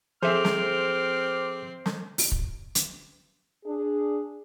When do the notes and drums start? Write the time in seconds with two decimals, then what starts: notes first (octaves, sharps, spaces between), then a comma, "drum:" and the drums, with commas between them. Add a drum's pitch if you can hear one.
0.22 F3 C4 G#4 A4 C5 E5 D6 F6
0.45 drum: snare
1.86 drum: snare
2.18 drum: open hi-hat
2.32 drum: kick
2.75 drum: hi-hat
3.65 D4 G#4